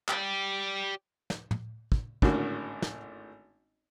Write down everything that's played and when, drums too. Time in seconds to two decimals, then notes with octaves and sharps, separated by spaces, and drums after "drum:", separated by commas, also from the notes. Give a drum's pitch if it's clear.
0.08 G4 D5, drum: clap
1.30 drum: snare
1.51 drum: tom
1.92 drum: kick
2.22 G#1 A2 D3 A#3 C#4 F#4, drum: kick
2.82 drum: snare